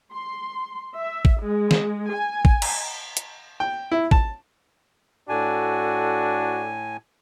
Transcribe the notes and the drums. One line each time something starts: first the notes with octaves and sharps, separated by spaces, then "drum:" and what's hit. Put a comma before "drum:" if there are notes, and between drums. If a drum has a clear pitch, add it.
C6
E5
drum: kick
G#3
drum: snare
G#5
drum: kick
drum: cymbal
drum: hi-hat
G5
E4
A5, drum: kick
A2 D4 F#4 A4 G#5